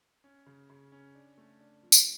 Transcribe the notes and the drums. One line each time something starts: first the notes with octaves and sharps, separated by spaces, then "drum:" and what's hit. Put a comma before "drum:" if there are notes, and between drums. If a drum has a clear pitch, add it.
C#4
C#3
C#3
C#4
D4
A3
D4
F3
drum: tambourine